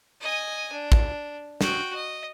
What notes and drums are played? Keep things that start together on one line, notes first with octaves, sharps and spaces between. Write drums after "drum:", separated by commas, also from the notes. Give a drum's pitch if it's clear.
D#5 G#5
D4
drum: kick
F#4 G5, drum: snare
D#5